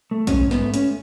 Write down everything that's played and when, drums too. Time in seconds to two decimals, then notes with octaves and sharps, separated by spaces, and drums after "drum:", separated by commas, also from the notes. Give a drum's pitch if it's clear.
0.11 A3
0.27 G#2 C#4, drum: kick A#1, hi-hat
0.46 G#2
0.51 B3, drum: snare
0.62 A3
0.74 C#4, drum: hi-hat